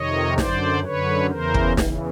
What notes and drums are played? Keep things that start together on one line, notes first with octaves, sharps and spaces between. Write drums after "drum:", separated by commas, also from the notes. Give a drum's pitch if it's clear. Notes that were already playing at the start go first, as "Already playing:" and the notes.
Already playing: F2 C3 D#3 C#5 D#5
F#2 D3 C5 D5, drum: snare
F#2 D3 B4 C#5
E2 C#3 E3 A#4 C5
drum: kick
E2 C#3 E3, drum: snare